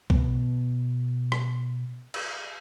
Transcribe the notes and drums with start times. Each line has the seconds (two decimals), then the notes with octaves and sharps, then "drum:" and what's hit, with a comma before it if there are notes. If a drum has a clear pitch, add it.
0.10 B2 B3, drum: kick B1
1.32 drum: rim click
2.14 drum: cymbal